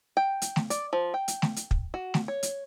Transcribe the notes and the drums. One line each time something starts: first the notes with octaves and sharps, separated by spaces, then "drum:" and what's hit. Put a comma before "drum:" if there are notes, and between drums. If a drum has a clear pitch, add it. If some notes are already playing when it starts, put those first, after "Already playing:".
G5
drum: hi-hat
drum: snare A3
D5, drum: hi-hat
F3
G5
drum: hi-hat
drum: snare A3
drum: hi-hat
drum: kick
F#4
drum: snare A3
C#5
drum: hi-hat